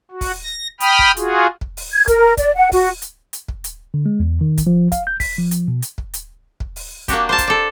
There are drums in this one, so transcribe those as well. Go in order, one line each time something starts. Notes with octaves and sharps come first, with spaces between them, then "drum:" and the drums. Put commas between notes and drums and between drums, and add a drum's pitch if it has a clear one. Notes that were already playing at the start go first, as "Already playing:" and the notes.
F#4
drum: kick, open hi-hat
A#6
G5 B5 D#6 F6, drum: hi-hat
drum: kick
F4 F#4 G#4, drum: hi-hat
drum: kick
drum: open hi-hat
G#6
A#4, drum: kick, hi-hat
D5, drum: kick, hi-hat
F#5
F#4, drum: kick, open hi-hat
drum: hi-hat
drum: hi-hat
drum: kick
drum: hi-hat
D3
G#3
E2
D#3
drum: kick, hi-hat
F3
F5, drum: kick, hi-hat
G6
B6, drum: kick, open hi-hat
F3
drum: hi-hat
B2
drum: hi-hat
drum: kick
drum: hi-hat
drum: kick
drum: open hi-hat
A#3 D4 F#4 G4, drum: kick, hi-hat
C5 F5 A5
drum: kick, hi-hat
A4 D5